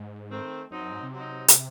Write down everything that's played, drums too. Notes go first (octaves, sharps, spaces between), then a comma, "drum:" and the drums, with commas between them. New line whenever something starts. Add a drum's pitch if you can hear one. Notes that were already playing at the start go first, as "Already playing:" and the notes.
Already playing: G#2
D#3 A3 C4
F#2 F#3 C4 D#4
F#2
G#2
C3
F#3 C4 D#4
drum: hi-hat